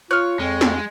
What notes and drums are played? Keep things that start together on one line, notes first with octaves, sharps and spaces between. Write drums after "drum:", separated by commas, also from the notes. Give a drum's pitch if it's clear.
F4 C#5 F6 F#6
F2 G#3
drum: snare